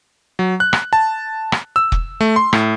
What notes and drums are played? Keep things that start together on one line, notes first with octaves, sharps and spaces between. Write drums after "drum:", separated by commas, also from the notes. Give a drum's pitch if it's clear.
F#3
F#6
drum: rim click
A5
drum: rim click
E6
drum: kick
A3
C6
A2, drum: rim click